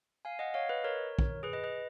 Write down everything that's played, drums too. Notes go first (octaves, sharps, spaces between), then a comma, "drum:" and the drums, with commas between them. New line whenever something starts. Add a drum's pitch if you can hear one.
F5 G#5
D#5 F#5
C#5 F5
B4 D#5
A#4 C#5
drum: kick
G#4 B4
B4 D#5
B4 D#5